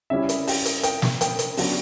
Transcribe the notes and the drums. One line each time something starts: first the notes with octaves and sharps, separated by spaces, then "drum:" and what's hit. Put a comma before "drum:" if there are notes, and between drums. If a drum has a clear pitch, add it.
C#3 G3 C#4 E4 E5
drum: hi-hat
G5, drum: open hi-hat
drum: hi-hat
G5, drum: hi-hat
drum: snare
G5, drum: hi-hat
drum: hi-hat
C#3 F#3 B3 D4, drum: open hi-hat